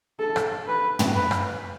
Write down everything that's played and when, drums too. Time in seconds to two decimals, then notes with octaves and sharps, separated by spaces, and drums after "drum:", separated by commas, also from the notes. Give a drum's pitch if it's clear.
0.19 A4
0.36 drum: rim click
0.67 B4
0.99 drum: tom
1.15 B4
1.31 drum: rim click